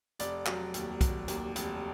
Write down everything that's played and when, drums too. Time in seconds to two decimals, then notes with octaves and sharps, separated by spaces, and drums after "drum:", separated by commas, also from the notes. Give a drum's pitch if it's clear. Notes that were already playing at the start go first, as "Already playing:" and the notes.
0.19 F1 D5, drum: hi-hat
0.46 F#3, drum: clap
0.74 D#2, drum: hi-hat
1.01 F#3, drum: kick, hi-hat
1.28 D#2, drum: hi-hat
1.56 F1, drum: hi-hat